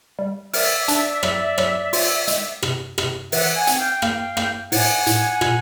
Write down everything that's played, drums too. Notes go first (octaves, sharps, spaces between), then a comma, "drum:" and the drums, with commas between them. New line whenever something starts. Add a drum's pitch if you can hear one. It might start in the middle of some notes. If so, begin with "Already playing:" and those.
G3
A#4 D5 E5, drum: open hi-hat
D4, drum: hi-hat
F#3, drum: rim click
F#3, drum: rim click
F4, drum: open hi-hat
G#3, drum: hi-hat
C3, drum: rim click
C3, drum: rim click
E3 E5 F#5, drum: open hi-hat
F#5 G#5
C4, drum: hi-hat
F5 G5
A#3 F5 G5, drum: rim click
A#3, drum: rim click
A2 F#5 G#5, drum: open hi-hat
A2, drum: hi-hat
A#2, drum: rim click